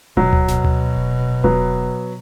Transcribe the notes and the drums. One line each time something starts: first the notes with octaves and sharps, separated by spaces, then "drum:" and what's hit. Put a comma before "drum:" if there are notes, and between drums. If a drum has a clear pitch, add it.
B2 F#3, drum: kick D#1
drum: tom D2
B2, drum: snare F1
drum: tom D2
drum: kick D#1
F#3 B3, drum: kick D#1